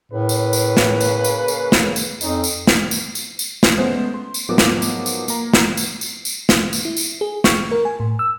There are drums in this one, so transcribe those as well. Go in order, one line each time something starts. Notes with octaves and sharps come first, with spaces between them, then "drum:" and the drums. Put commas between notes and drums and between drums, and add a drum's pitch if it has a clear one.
A2 C#3 A#3 B4
drum: tambourine
drum: tambourine
drum: snare
drum: tambourine
drum: tambourine
drum: tambourine
drum: snare
drum: tambourine
F2 C#4 D#4, drum: tambourine
drum: tambourine
drum: snare
drum: tambourine
drum: tambourine
drum: tambourine
drum: snare
G#3 A3 B3 C#4 C5
C6
drum: tambourine
G#2 F3 F#3 B3 A#4 D6
drum: snare
drum: tambourine
drum: tambourine
A#3 A#5, drum: tambourine
drum: snare
drum: tambourine
drum: tambourine
drum: tambourine
drum: snare
drum: tambourine
E4
drum: tambourine
G#4
C#6, drum: snare
A#4
G#5
A2
E6